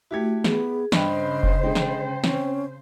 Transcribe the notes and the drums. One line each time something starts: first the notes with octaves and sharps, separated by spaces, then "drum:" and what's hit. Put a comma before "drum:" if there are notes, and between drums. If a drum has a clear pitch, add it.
A3 E4 F#4 G4 G#6
B3 G#4, drum: snare
G2 C#3 C5 D#5 G5 B5, drum: snare
drum: kick F1
D3 G#3 G5
drum: snare
C4 C#4, drum: snare